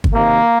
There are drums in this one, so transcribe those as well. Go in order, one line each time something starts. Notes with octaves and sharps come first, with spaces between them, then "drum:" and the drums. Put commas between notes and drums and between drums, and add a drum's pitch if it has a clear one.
drum: kick
C3 D#3 A#3